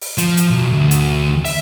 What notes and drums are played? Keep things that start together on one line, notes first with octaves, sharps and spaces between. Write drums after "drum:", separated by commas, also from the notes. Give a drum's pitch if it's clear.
drum: open hi-hat
F3, drum: hi-hat
drum: hi-hat
B1
D2
drum: hi-hat
E5, drum: open hi-hat